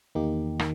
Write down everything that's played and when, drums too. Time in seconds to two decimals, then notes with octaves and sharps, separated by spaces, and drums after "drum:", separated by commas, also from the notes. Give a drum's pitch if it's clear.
0.15 E2 D#3 A#3 D#4 G4
0.59 D#3, drum: rim click